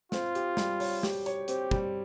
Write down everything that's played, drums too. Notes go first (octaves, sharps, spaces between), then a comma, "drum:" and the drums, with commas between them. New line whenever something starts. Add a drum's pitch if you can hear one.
C4 F4, drum: snare
G4, drum: hi-hat
G3, drum: snare
C#5, drum: open hi-hat
G4, drum: snare
C#5, drum: hi-hat
C4 G4, drum: hi-hat
G3, drum: kick